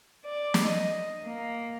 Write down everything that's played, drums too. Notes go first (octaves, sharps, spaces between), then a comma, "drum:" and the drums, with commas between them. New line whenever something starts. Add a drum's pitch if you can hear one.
D5
drum: snare
D#5
A#3